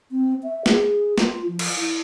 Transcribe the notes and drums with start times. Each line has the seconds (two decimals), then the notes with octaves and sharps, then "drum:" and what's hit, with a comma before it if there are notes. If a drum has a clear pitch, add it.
0.11 C4
0.43 E5
0.66 G#4, drum: snare
1.18 F4, drum: snare
1.48 F3
1.59 drum: cymbal
1.76 E4